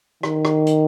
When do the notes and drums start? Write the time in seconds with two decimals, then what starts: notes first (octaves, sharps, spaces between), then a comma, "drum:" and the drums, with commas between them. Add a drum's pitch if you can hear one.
0.23 D#3, drum: rim click
0.45 drum: rim click
0.67 drum: hi-hat